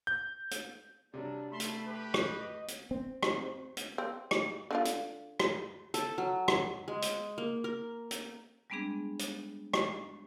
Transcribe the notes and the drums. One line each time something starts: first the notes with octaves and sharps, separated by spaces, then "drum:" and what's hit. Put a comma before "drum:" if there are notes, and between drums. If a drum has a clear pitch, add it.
G6
drum: hi-hat
C3 F#3 G3 D4
A3 A5 B5 C6
drum: hi-hat
G4 B4
drum: rim click
D#5
drum: hi-hat
C4
drum: rim click
drum: hi-hat
C4
drum: rim click
D3 D4 F4
drum: hi-hat
drum: rim click
A4, drum: hi-hat
F#3
drum: rim click
G#3
drum: hi-hat
A#3
A#4
drum: hi-hat
G3 G#3 B3 C4 D4 G#4
drum: hi-hat
drum: rim click